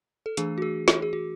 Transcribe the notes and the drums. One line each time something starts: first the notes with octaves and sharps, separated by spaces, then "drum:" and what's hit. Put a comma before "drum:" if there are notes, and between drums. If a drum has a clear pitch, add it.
A4
E3 A3 D4 G#4, drum: hi-hat
F#4
G#4
F#4, drum: snare
G#4
F#4